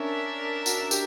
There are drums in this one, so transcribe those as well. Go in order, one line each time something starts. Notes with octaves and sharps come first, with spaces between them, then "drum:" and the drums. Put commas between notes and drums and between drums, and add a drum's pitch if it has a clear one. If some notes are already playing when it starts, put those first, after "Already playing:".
Already playing: C#4 D4 A#4 E5
F#4, drum: tambourine
G4, drum: tambourine